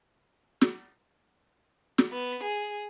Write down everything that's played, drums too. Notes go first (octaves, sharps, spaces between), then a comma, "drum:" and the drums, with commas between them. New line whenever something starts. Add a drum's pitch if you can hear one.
drum: snare
drum: snare
B3
G#4